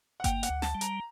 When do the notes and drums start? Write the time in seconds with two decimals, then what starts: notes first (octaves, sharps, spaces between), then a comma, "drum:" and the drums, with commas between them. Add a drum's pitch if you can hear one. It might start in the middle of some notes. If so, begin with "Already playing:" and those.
0.20 F#5
0.24 A#3 G5, drum: kick G1, hi-hat
0.43 F#5, drum: hi-hat
0.49 D2
0.62 A5, drum: snare
0.75 G3
0.81 A#5, drum: hi-hat